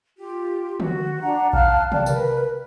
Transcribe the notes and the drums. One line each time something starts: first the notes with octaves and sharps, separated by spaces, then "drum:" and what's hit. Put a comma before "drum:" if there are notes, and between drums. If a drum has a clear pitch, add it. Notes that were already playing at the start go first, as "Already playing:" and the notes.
F4 G4
F#4, drum: tom D3
D4 F#5 A#5
F5 A5 F6 F#6, drum: kick A#1
D5 G5 A5, drum: tom C3
A#4 B4, drum: tambourine